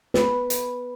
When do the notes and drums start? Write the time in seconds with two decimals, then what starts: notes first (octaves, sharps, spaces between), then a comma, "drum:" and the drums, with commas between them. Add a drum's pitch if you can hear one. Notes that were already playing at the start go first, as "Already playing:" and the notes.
0.14 B4, drum: snare
0.50 drum: hi-hat